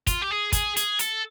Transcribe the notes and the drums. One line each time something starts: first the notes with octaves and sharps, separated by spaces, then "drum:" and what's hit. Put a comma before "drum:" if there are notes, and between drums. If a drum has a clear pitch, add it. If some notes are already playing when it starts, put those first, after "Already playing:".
F4, drum: kick, hi-hat
G4
G#4
G#4, drum: kick, hi-hat
G#4, drum: hi-hat
A4, drum: hi-hat